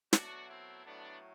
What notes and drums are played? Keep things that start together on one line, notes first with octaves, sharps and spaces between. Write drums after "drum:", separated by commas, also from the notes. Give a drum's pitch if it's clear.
B2 F#3 A3 D4 F#4, drum: snare
C4 E4
A2 F#3 A3 B3 D4